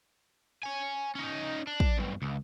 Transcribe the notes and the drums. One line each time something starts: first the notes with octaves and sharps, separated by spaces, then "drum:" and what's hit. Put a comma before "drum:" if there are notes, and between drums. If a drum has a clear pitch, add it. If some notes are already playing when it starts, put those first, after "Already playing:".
C#5 G#5
C#4 D#4
D4
drum: kick
B1 G2
C#2